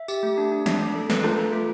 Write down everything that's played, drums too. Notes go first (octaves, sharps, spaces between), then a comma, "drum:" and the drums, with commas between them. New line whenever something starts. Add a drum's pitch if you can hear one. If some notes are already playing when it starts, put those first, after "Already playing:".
Already playing: E5
G4, drum: tambourine
A3
D4
D4
D4, drum: snare
A3
A4
A3 B4, drum: snare
F4, drum: rim click
A4
A3 A4